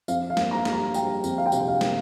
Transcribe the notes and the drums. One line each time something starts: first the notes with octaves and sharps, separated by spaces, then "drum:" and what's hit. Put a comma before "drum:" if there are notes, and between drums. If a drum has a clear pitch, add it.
F2 F5, drum: tambourine
F5
A#3, drum: snare
A#5
G3, drum: snare
A#5
G3 G5, drum: tambourine
F2, drum: tambourine
F5
G5
C3 F5, drum: tambourine
G5
F5
A#3, drum: snare